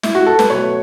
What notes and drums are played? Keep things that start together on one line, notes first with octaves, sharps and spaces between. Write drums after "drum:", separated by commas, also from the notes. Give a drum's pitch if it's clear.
E4, drum: snare
F#4
A4
B4, drum: snare
B2 F#3 A3 C#5